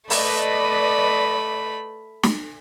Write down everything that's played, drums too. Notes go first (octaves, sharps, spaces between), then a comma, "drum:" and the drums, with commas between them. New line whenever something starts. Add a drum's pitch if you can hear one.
A3 B4 D5 D#5 B5, drum: open hi-hat
drum: snare